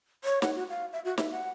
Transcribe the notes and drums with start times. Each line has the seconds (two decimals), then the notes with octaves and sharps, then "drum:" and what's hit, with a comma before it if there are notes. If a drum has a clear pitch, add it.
0.24 C#5
0.42 F#5, drum: snare
0.56 F#4
0.69 F5
0.93 E5
1.05 F#4
1.18 E5, drum: snare
1.31 F#5